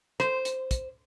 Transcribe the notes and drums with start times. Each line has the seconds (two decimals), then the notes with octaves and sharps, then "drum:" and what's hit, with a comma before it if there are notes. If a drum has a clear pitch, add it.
0.20 C5, drum: rim click
0.45 drum: hi-hat
0.71 drum: kick, hi-hat